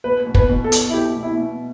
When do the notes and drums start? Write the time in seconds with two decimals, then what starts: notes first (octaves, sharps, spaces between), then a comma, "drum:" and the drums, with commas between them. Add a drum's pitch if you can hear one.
0.04 B2 B4
0.27 B2
0.34 B4, drum: kick
0.50 B2
0.64 A4
0.72 B2, drum: hi-hat
0.89 E4
0.93 B2 G4
1.16 B2
1.23 E4
1.38 B2